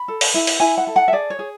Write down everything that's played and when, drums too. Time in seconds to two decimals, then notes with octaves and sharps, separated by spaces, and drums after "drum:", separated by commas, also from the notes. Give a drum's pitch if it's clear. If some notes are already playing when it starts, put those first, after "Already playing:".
Already playing: B5
0.08 A4
0.21 drum: open hi-hat
0.34 E4
0.47 drum: open hi-hat
0.60 E4 G#5
0.78 F#5
0.87 A4
0.96 F#5
1.08 E5
1.12 G#4 D5
1.30 C#5
1.39 G#4